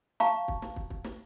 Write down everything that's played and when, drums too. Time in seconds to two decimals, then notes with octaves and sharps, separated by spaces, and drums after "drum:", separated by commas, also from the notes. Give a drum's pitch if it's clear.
0.20 F5 A5 A#5 C#6, drum: snare
0.48 drum: kick
0.62 drum: snare
0.76 drum: kick
0.90 drum: kick
1.04 drum: snare